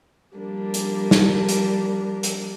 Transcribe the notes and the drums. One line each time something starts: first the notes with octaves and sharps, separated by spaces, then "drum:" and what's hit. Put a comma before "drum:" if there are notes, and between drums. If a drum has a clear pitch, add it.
F3 G3 A#3 D4
drum: hi-hat
drum: snare
drum: hi-hat
drum: hi-hat